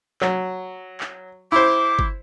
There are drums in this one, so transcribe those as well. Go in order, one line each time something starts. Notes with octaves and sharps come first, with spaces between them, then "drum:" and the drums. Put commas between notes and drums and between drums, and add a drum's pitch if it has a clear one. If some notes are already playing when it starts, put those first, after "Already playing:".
F#3, drum: clap
drum: clap
E4 C5 D6
drum: kick G1